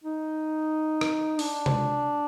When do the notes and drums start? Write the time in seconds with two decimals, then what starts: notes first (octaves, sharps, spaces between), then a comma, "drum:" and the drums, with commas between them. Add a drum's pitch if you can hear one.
0.04 D#4
1.01 drum: rim click
1.39 D4, drum: open hi-hat
1.66 drum: tom C3